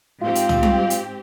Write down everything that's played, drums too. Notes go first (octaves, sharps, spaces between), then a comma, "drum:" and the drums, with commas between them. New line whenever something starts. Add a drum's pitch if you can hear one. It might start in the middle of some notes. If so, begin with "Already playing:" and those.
G#2 C4 F4 G4
drum: hi-hat
drum: tom
drum: tom G3
drum: hi-hat